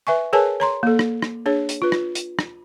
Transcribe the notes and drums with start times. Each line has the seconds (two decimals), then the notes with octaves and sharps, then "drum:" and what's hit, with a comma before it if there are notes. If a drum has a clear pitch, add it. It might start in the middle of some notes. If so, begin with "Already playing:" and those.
0.07 B4 E5 G#5 C#6
0.33 G#4 A#4 B4 C#5 G#5 A5
0.60 C#5 A#5 C6
0.83 A#3 A4
0.99 drum: rim click
1.22 drum: rim click
1.46 D4 G#4 C#5
1.69 drum: hi-hat
1.82 F4 B4
1.92 drum: rim click
2.15 drum: hi-hat
2.39 drum: rim click